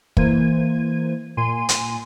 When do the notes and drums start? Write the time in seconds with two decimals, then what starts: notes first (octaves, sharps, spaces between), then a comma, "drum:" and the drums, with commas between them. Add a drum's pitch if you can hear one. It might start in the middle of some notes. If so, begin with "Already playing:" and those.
0.17 E3 A#3 C5 G#6 D#7, drum: kick
1.37 A#2 G#5 C6 D#7
1.69 drum: hi-hat